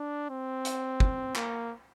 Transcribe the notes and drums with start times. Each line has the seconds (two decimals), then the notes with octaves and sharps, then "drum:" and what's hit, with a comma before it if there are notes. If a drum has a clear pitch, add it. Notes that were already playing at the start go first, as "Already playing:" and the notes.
Already playing: D4
0.29 C4
0.65 drum: hi-hat
1.00 drum: kick
1.36 A#3, drum: clap